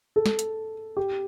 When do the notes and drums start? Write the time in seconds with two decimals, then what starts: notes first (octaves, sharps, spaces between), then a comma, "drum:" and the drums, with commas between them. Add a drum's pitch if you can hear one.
0.16 A4
0.26 drum: snare
0.39 drum: hi-hat
0.97 G4